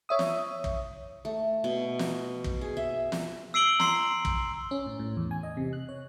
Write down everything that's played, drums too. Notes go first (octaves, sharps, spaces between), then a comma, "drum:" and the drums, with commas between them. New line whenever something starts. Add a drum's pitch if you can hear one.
C#5 E5 D#6
drum: snare
drum: kick
A3
B2
drum: snare
drum: kick
G#4
E5
drum: snare
E6 C7 D7 F#7 G7
A#5 C6 C7, drum: snare
drum: kick
C#4
A2
A2
E2
G#5
D#5
C3
F#6
C#5